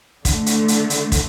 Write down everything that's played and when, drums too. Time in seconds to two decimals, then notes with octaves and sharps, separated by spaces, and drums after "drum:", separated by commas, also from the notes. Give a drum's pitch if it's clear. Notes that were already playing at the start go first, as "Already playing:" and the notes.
0.25 D3 A3, drum: kick, hi-hat
0.46 drum: hi-hat
0.68 drum: hi-hat
0.90 drum: hi-hat
1.12 drum: kick, hi-hat